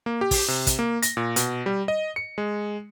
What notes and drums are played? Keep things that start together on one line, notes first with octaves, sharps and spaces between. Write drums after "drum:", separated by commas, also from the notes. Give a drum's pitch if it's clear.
A#3
G4
drum: kick, open hi-hat
C3
drum: kick, hi-hat
A#3
A#6, drum: hi-hat
A#2
B2, drum: hi-hat
G3
D#5
C#7
G#3